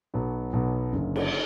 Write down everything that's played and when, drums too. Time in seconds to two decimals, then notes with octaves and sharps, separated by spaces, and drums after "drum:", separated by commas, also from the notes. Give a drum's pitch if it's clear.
0.14 B1 B2 F#3 B3
0.53 B1 B2 F#3 B3
0.92 F#1 F#2 D3
1.16 drum: cymbal